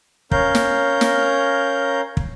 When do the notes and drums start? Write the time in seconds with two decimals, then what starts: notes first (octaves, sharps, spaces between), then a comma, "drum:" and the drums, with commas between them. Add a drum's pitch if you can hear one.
0.31 C#4 A#4 F5 A#5 G6, drum: kick
0.55 drum: snare
1.01 drum: snare
2.17 drum: kick